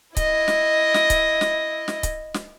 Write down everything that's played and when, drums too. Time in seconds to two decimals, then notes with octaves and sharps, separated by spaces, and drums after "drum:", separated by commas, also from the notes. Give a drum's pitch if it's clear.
0.17 E4 D#5, drum: kick C#1, hi-hat
0.48 drum: snare
0.94 drum: snare
1.10 drum: kick C#1, hi-hat
1.41 drum: snare
1.88 drum: snare
2.03 drum: kick C#1, hi-hat
2.34 drum: snare